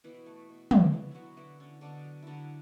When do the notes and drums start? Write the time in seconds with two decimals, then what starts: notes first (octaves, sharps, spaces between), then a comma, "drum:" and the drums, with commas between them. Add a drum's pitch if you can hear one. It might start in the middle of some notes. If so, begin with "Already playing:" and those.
0.04 B2 E3 E4
0.26 A3
0.49 B2
0.71 B2, drum: tom
0.92 D3 E3 E4
1.11 F#3 B3 E4 F#4
1.37 D3 E3 E4
1.60 D3 C#4
1.81 B2 D3 D4
2.04 F#3
2.22 D3 F#3 D4 E4